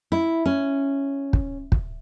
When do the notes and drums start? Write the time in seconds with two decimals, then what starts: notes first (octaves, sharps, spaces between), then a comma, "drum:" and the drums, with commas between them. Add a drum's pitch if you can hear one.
0.12 E4
0.46 C#4
1.33 drum: kick
1.72 drum: kick